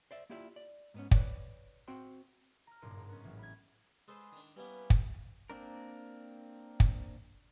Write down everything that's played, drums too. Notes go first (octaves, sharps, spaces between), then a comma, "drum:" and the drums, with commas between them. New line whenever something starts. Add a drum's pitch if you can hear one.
C5 D5 E5
A#3 E4 F4 G4 D5 E5
D5
G#2 B3 C#4
B4 C#5 D5, drum: kick
C4 F#4 C5 G5 C6
A#5 F6
F#1 G2 A#2 C6 D#6 D7
G#2
B3 C#4
A1 F#3
B5 G#6
G#3 G#4 A4 B4 C5 C6
D#3 D4
G3 A#3 B3 C#4 E4 B4
drum: kick
A#3 C4 D4 A#4
drum: kick